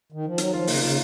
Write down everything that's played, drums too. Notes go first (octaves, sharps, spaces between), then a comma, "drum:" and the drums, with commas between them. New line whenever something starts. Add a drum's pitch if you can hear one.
D#3
F3
D#3 F#3, drum: hi-hat
F3 F4
C#3 A#3, drum: open hi-hat
C#3 F4